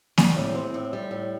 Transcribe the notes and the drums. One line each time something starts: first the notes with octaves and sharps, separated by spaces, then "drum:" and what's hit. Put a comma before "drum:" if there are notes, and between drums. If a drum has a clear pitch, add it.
G3, drum: snare A#3
A2
C4
A2
G3
A2